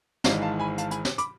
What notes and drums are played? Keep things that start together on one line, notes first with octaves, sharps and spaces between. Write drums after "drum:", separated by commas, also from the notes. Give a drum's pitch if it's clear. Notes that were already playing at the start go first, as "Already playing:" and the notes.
G#1 G#2 E3 G#3 D5 F5, drum: snare
F5 A5
G#5 B5
F5 A5, drum: hi-hat
G#5 B5, drum: hi-hat
drum: snare
B5 D6, drum: hi-hat